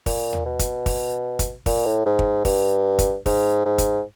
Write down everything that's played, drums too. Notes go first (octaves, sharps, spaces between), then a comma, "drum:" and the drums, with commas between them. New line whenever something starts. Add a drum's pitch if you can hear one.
A#2, drum: kick, open hi-hat
drum: tom D#2
B2
drum: kick, hi-hat
drum: kick, open hi-hat
drum: kick, hi-hat
A#2, drum: kick, open hi-hat
A2
G#2
drum: kick
G2, drum: kick, open hi-hat
drum: kick, hi-hat
G#2, drum: kick, open hi-hat
G#2
drum: kick, hi-hat